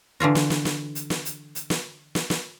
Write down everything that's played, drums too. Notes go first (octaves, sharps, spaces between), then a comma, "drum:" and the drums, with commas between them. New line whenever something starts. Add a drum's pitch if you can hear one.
D3 E3 F4 F#4
drum: snare
drum: snare
drum: snare
drum: hi-hat
drum: snare
drum: hi-hat
drum: hi-hat
drum: snare
drum: snare
drum: snare